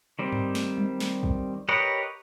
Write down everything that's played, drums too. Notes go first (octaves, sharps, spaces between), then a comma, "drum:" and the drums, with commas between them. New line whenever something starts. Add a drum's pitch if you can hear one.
D#3 G3 C4
drum: tom G2
drum: snare
drum: tom G3
drum: snare
drum: kick
G4 A#4 B4 C#5 D#5